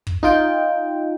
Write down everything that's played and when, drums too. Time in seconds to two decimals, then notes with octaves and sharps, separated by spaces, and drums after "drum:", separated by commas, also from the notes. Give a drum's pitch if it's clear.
0.07 drum: kick
0.23 D#4 F4 G5